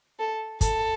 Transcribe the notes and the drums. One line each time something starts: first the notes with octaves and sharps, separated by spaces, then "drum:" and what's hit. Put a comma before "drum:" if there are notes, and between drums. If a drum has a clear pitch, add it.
A4
A4, drum: kick, hi-hat